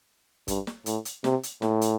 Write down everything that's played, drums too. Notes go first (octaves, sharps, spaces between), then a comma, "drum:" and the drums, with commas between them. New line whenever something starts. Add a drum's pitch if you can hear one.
G2, drum: kick, hi-hat
drum: snare
A2, drum: hi-hat
drum: hi-hat
C3, drum: snare
drum: hi-hat
A2, drum: snare
drum: hi-hat